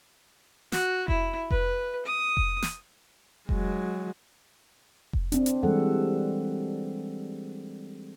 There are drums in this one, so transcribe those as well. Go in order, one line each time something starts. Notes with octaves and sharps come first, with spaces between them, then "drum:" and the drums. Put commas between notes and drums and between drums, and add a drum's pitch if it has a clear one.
F#4, drum: snare
E4, drum: kick F1
B4, drum: kick F1
D#6
drum: kick F1
drum: snare
F#3 G#3, drum: kick F1
drum: kick F1
C4 D4, drum: hi-hat
drum: hi-hat
E3 G3 G#3 A4 F#5